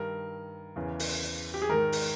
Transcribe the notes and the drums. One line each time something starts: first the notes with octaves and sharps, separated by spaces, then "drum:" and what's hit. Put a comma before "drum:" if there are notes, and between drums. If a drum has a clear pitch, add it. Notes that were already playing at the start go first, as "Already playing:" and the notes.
Already playing: G2 D#3 A#4
E2 C#3 E3
drum: open hi-hat
drum: hi-hat
G4
G#4
G#2 D#3 A#4
drum: open hi-hat